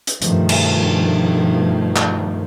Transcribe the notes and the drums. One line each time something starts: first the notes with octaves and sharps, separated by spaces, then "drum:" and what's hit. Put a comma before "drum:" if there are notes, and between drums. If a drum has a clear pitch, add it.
drum: hi-hat
G2 B2 D#3 F3 A3, drum: hi-hat
drum: cymbal
drum: clap